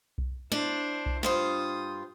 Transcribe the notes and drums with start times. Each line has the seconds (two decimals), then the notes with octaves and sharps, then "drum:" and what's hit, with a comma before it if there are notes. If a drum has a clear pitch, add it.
0.18 drum: kick B1
0.52 D4 E4 C5, drum: snare
1.06 drum: kick B1
1.23 G2 F4 C5 D#6, drum: snare